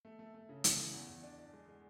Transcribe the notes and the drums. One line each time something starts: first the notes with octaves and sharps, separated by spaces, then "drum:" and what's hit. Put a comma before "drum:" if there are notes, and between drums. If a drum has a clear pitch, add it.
A3
A3
A3
C#3
C#3, drum: hi-hat
E3
E2
E2
D4
D4
G#3
G#3